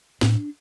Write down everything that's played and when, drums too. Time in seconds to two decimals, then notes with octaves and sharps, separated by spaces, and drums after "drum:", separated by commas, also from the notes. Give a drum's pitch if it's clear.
0.21 A2 D4, drum: snare